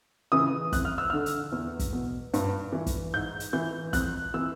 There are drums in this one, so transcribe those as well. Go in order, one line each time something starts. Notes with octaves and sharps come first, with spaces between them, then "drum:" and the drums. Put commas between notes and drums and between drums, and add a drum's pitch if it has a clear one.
C#3 E3 D#6
F2 F#6, drum: kick, hi-hat
F6
E6
D3 F6
drum: hi-hat
E2
drum: kick, hi-hat
B2
G2, drum: hi-hat
E3
drum: kick, hi-hat
G#2 G6
drum: hi-hat
E3 G6
F2 F#6, drum: kick, hi-hat
C3 E3 E6